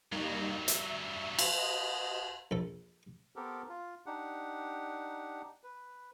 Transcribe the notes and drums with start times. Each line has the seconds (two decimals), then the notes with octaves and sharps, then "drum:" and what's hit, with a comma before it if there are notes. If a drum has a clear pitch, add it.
0.12 G2 F#3 G3 A#3 D#4
0.68 E5, drum: hi-hat
1.39 drum: cymbal
1.57 D#5
2.51 A#1 A4
3.36 B3 C4 G4 A4 A#4
3.69 F4
4.06 D4 D#4 G4 F#5
5.64 B4